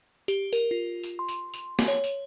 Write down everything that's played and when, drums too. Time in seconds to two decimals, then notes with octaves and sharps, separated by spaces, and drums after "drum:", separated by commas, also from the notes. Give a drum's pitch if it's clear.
0.28 G4, drum: tambourine
0.53 A#4, drum: tambourine
0.71 F4
1.03 drum: tambourine
1.19 C6
1.29 drum: tambourine
1.54 drum: tambourine
1.79 drum: snare
1.88 C#5
2.04 drum: tambourine